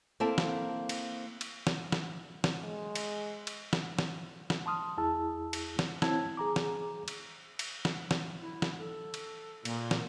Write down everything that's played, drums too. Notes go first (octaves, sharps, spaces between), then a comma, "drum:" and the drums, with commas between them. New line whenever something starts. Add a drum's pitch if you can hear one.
A#3 C4 E4 A4 A5
drum: snare
drum: cymbal
drum: cymbal
drum: snare
drum: snare
drum: snare
G#3
drum: cymbal
drum: cymbal
drum: snare
drum: snare
drum: snare
A5 C6 D#6 F6
E2 E4 G#4 A5 E6
drum: cymbal
drum: snare
C4 E4 C#5 A5 E6 G#6, drum: snare
G#4 A#5 D6
drum: snare
drum: cymbal
drum: cymbal
drum: snare
drum: snare
E4
drum: snare
A4
drum: cymbal
A#2, drum: cymbal
drum: snare